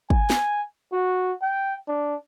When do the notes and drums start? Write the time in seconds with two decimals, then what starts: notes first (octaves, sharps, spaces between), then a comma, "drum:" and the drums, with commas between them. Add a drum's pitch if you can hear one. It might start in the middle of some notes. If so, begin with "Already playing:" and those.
0.10 G#5, drum: kick
0.30 drum: snare
0.93 F#4
1.42 G5
1.88 D4